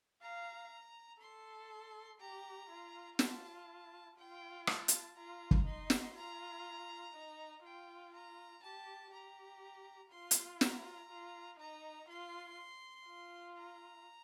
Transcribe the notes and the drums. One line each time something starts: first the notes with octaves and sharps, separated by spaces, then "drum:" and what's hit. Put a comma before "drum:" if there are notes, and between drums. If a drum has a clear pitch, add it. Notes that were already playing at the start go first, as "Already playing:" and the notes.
F5 A#5
A4 C6
G4 A#5
F4
F4 A5, drum: snare
F4 G5
A5, drum: rim click
drum: hi-hat
F4 A#5
drum: kick
D#4 C6
drum: snare
F4 A#5
D#4
F4 G5
A#5
G4 A5
G4 A#5
F4 C6
drum: hi-hat
A#5, drum: snare
F4
D#4 A#5
F4 C6
F4
A#5